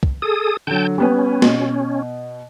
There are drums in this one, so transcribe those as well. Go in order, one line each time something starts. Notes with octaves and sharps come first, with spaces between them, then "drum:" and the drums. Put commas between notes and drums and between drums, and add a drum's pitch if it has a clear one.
drum: kick
G#4 A4 D#6
D3 F#3 G5 A5 G6
G3 B3 C#4 B4
B2, drum: snare